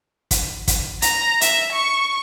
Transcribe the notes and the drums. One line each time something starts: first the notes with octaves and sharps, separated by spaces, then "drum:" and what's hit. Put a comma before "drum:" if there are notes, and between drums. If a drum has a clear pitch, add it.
drum: kick, hi-hat
drum: kick, hi-hat
A#5, drum: hi-hat
E5, drum: hi-hat
C#6